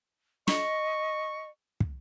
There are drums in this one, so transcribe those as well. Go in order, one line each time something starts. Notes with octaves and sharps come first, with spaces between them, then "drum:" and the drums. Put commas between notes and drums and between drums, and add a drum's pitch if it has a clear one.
D#5 C#6, drum: snare
drum: kick